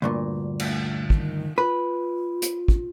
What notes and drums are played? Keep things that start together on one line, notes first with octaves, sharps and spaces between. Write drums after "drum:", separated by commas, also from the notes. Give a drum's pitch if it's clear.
D2 G2 A#2
A3, drum: cymbal
D#3, drum: kick
F4 B4
drum: hi-hat
drum: kick